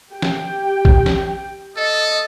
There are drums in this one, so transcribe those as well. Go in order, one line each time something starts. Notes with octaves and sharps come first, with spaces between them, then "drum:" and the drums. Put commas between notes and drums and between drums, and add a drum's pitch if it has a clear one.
G4 G5
drum: snare
drum: kick
drum: snare
A4 D#5